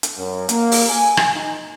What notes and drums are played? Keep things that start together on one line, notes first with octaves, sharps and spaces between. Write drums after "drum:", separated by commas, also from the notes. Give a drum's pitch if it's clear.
drum: hi-hat
F#2
A#3, drum: hi-hat
drum: open hi-hat
G#5
drum: rim click
D#4